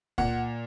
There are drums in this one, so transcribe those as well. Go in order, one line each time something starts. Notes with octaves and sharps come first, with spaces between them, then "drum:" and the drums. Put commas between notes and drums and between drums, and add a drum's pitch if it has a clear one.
A#2 F#5, drum: kick